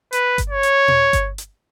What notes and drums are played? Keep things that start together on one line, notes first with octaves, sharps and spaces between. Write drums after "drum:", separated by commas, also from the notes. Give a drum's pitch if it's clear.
B4, drum: hi-hat
drum: kick G1, hi-hat
C#5
drum: hi-hat
drum: tom A#2
drum: kick G1, hi-hat
drum: hi-hat